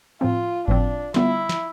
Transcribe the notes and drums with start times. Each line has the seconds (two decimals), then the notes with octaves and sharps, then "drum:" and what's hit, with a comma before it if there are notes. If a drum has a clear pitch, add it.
0.21 A2 F3 C4 F4
0.68 A2 F3 C4 D4, drum: kick G1
1.14 D3 G3 B3 E4 F4, drum: snare
1.49 drum: snare